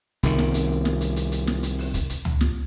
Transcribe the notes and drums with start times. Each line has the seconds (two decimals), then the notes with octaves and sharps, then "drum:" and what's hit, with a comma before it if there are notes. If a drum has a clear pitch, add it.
0.23 C2 D#3, drum: hi-hat
0.39 drum: snare
0.54 drum: hi-hat
0.85 drum: snare
1.01 drum: hi-hat
1.16 drum: hi-hat
1.32 drum: hi-hat
1.47 drum: snare
1.63 drum: hi-hat
1.78 drum: open hi-hat
1.94 drum: kick, hi-hat
2.10 drum: hi-hat
2.25 drum: tom C#2
2.41 drum: snare